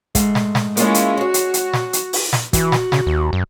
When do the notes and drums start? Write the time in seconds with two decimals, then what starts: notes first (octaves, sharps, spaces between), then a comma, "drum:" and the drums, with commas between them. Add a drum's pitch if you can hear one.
0.15 G#2 G#3 A3, drum: kick, hi-hat
0.35 drum: snare
0.55 drum: snare
0.77 G#3 A#3 C#4 E4 F4 C#5, drum: hi-hat
0.94 drum: hi-hat
1.17 F#4 G#4 C#5
1.34 drum: hi-hat
1.54 drum: hi-hat
1.73 drum: snare
1.93 drum: hi-hat
2.13 drum: open hi-hat
2.33 drum: snare
2.53 E3 F#4, drum: kick, hi-hat
2.72 drum: snare
2.92 C#3, drum: snare
3.06 D#2
3.33 F#2